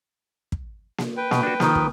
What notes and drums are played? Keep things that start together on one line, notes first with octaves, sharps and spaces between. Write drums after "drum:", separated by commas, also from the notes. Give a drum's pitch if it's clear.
drum: kick
drum: snare A#3
B4 G5
B2, drum: snare A#3
D4 F#4
D#3 F3, drum: snare A#3
drum: kick